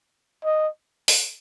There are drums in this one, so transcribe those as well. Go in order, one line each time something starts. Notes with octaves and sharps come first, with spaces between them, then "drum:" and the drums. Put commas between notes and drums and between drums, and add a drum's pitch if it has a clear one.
D#5
drum: open hi-hat